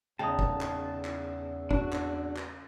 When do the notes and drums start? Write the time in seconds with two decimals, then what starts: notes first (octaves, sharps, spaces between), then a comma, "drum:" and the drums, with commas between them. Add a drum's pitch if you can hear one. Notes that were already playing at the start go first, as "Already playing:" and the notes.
0.19 E2 C#3 D#4 G5 A5 D#6
0.39 drum: kick F1
0.61 drum: clap
1.05 drum: clap
1.71 D4 F#4, drum: kick F1
1.93 drum: clap
2.36 drum: clap